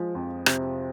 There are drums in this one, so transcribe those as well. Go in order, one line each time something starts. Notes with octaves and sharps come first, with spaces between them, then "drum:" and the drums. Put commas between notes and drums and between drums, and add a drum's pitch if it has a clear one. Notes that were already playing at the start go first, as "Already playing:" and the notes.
Already playing: F3 G#3
F2
C3, drum: rim click